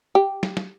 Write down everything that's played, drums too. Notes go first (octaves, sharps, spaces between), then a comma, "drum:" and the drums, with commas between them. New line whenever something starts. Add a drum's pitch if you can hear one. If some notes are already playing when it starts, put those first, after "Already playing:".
G4
drum: snare
drum: snare